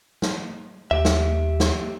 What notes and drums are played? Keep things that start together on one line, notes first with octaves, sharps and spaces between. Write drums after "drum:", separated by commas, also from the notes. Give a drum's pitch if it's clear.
drum: snare
D#2 G4 E5
drum: snare
drum: snare